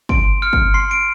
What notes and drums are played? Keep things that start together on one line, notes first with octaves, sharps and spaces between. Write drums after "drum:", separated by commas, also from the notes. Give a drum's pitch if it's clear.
C6 D7, drum: kick
F6 C#7
drum: kick
C6 C7
D7